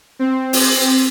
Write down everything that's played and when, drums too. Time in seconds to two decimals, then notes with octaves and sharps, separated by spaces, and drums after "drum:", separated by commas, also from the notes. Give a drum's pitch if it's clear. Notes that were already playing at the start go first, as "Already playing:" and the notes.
0.19 C4
0.53 drum: open hi-hat